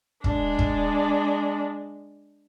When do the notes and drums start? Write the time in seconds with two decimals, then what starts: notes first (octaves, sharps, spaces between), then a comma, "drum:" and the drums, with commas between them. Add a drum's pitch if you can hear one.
0.24 G#3 D4, drum: kick
0.59 drum: kick